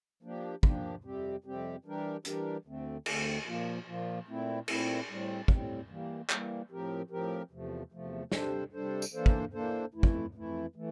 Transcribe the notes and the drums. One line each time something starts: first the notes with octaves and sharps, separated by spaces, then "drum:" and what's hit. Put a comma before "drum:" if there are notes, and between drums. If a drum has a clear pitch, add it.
F3 A#3 D4 G4
F3 A#3 D4 G4, drum: kick
F2 C3 G3 C4 G4
F2 C3 G3 C4 G4
E3 G3 D4 G4 A#4
E3 G3 D4 G4 A#4, drum: hi-hat
D2 D3 A3 C4
D2 D3 A3 C4, drum: cymbal
A#2 F3 A#3 F4
A#2 F3 A#3 F4
A#2 A3 C4 E4
A#2 A3 C4 E4, drum: cymbal
A2 G3 C4
A2 G3 C4, drum: kick
E3 G3 A#3
E3 G3 A#3, drum: clap
A2 F3 C4 G4 A#4
A2 F3 C4 G4 A#4
E2 C3 F3 A3
E2 C3 F3 A3
C3 G3 D4 A4 C5, drum: snare
C3 G3 D4 A4 C5
drum: tambourine
E3 A#3 D4 A4 C5
drum: kick
E3 A#3 D4 A4 C5
F2 E3 A3 E4
drum: kick
F2 E3 A3 E4
E3 A3